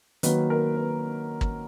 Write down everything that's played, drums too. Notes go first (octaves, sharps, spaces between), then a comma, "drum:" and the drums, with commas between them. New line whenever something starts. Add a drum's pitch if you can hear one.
D#3 F#3 A#3 B4, drum: hi-hat
A#4
B4
drum: kick